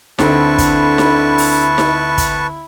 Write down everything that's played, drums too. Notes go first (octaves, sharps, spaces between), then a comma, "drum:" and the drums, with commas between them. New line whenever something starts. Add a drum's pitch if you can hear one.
D2 D3 C4 E4 A4 B4 A5 C#6, drum: snare D#4
drum: kick, hi-hat
drum: snare D#4
drum: open hi-hat
drum: snare D#4
drum: kick, hi-hat